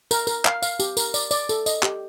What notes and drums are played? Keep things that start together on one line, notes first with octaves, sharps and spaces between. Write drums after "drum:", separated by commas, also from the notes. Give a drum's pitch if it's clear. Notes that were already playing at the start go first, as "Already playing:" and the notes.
A#4, drum: tambourine
A#4, drum: tambourine
F5, drum: clap
F5, drum: tambourine
G4, drum: tambourine
A#4, drum: tambourine
D5, drum: tambourine
D5, drum: tambourine
A4, drum: tambourine
D#5, drum: tambourine
G4, drum: clap